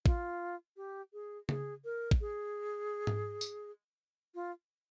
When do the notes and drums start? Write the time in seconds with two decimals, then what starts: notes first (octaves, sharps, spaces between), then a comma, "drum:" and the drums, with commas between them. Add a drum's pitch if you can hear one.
0.06 F4, drum: kick
0.77 G4
1.13 G#4
1.49 G#4, drum: tom C#3
1.85 A#4
2.11 drum: kick
2.21 G#4
3.07 drum: tom G#2
3.41 drum: tambourine
4.35 F4